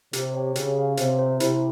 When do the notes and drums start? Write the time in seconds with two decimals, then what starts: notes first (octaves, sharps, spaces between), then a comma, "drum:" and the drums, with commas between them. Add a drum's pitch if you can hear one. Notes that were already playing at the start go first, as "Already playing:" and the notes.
0.13 C3 G4, drum: hi-hat
0.34 C#5 G5
0.55 C#3 G4, drum: hi-hat
0.76 C#5 F5 G#5
0.97 C3 F4, drum: hi-hat
1.19 C5 E5
1.40 C3 E4, drum: hi-hat